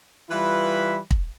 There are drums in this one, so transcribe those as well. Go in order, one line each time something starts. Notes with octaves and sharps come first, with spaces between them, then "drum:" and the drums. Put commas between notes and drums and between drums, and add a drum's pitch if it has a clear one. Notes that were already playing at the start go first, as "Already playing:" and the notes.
E3 G3 F4 B4 E5 B5
drum: kick